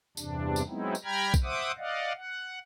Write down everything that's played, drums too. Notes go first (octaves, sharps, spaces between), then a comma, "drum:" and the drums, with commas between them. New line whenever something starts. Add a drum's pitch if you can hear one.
E2 G2 C3 D4, drum: tambourine
drum: tambourine
F#3 G#3 B3 C4 D#4 E4
drum: tambourine
G3 G5 A#5 B5 F6 G#6
drum: kick B1, tambourine
C5 E5 F#5 D6 D#6
D5 D#5 F5 F#5
F#5